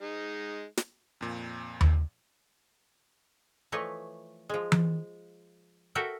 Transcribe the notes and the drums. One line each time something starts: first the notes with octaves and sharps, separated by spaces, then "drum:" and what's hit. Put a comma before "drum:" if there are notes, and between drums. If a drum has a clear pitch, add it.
G#3 D#4
drum: snare
F2 A#2
drum: tom D#2
E3 F3 A3 B4 C#5 D#5
F3 G#3
drum: tom E3
F#4 A4 A#4 E5 F#5 G5